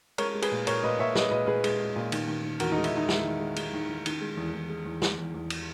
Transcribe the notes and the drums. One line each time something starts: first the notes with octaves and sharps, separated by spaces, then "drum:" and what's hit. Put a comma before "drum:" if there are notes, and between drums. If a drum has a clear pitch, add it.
G#3 A#4 C#5, drum: cymbal
G#3
G#4 B4, drum: cymbal
A#2
A#2 A#4 C#5, drum: cymbal
A#2 B4 D#5
A#2 C#5 E5
G#3 B4 D#5, drum: snare
A#2 B4 D#5
A#2 G#4 B4
G#3, drum: cymbal
G#3
A#2
D#3, drum: cymbal
D#3
D#3
E2 F#4 A#4, drum: cymbal
D#4
G#3
E4, drum: cymbal
E2 D#4
G#3 E4, drum: snare
D#3
G#3
G#3, drum: cymbal
D#3
D#3
D#3, drum: cymbal
G#3
E2
E2
G#3
E2
E2, drum: snare
E2
E2
drum: cymbal